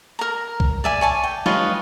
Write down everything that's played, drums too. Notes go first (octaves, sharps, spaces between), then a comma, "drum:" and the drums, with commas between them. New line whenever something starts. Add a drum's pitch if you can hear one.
A#4 A#5
drum: kick B1
D5 E5 G#5
C#5 G#5 A5
G5
F4 B4 C#5 D#5, drum: snare